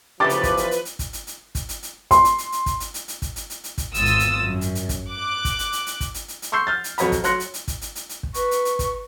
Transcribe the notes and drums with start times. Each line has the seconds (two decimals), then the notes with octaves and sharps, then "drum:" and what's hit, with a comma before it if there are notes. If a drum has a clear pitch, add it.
0.20 E2 C#3 F3 A3 G4 B4 D6 A6
0.29 drum: hi-hat
0.43 drum: kick, hi-hat
0.57 drum: hi-hat
0.71 drum: hi-hat
0.85 drum: hi-hat
0.99 drum: kick, hi-hat
1.13 drum: hi-hat
1.27 drum: hi-hat
1.55 drum: kick, hi-hat
1.69 drum: hi-hat
1.83 drum: hi-hat
2.11 C6, drum: kick, hi-hat
2.24 drum: hi-hat
2.38 drum: hi-hat
2.52 drum: hi-hat
2.66 drum: kick, hi-hat
2.80 drum: hi-hat
2.94 drum: hi-hat
3.08 drum: hi-hat
3.22 drum: kick, hi-hat
3.36 drum: hi-hat
3.50 drum: hi-hat
3.64 drum: hi-hat
3.78 drum: kick, hi-hat
3.94 G#1 E2 F4 D#6 E6 A6, drum: hi-hat
4.05 drum: hi-hat
4.19 drum: hi-hat
4.40 F#2
4.61 drum: hi-hat
4.75 drum: hi-hat
4.89 drum: kick, hi-hat
5.09 D6 F#6
5.45 drum: kick, hi-hat
5.59 drum: hi-hat
5.73 drum: hi-hat
5.86 drum: hi-hat
6.00 drum: kick, hi-hat
6.14 drum: hi-hat
6.28 drum: hi-hat
6.42 drum: hi-hat
6.52 C6 C#6 E6 G6 C7
6.67 F6 G6 A6
6.84 drum: hi-hat
6.98 F2 F#3 C#5 D#5 A#5 B5, drum: hi-hat
7.12 drum: kick, hi-hat
7.24 F#3 C#5 C6 F#6 A#6 C#7, drum: hi-hat
7.40 drum: hi-hat
7.54 drum: hi-hat
7.68 drum: kick, hi-hat
7.81 drum: hi-hat
7.95 drum: hi-hat
8.09 drum: hi-hat
8.23 drum: kick
8.34 B4 C#6, drum: hi-hat
8.51 drum: hi-hat
8.65 drum: hi-hat
8.79 drum: kick, hi-hat